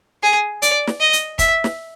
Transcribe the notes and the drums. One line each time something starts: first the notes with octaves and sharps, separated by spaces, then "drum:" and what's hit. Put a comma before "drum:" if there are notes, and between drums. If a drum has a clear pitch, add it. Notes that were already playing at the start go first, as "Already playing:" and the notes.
G#4
D5, drum: hi-hat
drum: snare
D#5
drum: hi-hat
E5, drum: kick, hi-hat
drum: snare